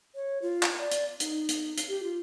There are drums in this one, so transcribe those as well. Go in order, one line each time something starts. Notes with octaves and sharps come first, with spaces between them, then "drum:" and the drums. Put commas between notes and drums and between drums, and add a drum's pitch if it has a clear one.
C#5
F4
drum: clap
D5
drum: hi-hat
D#4, drum: hi-hat
drum: hi-hat
drum: hi-hat
G4
F4